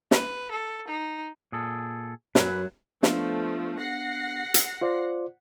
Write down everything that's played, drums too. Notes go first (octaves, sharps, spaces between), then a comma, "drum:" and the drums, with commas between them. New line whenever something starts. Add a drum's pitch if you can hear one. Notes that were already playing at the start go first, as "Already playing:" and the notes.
B4, drum: snare
A4
D#4
A#2 G#4 A4
F#2 F#3 B4, drum: snare
F3 A3 B3 D4 F5, drum: snare
F#5 A#6 C7
drum: hi-hat
F4 C5 D5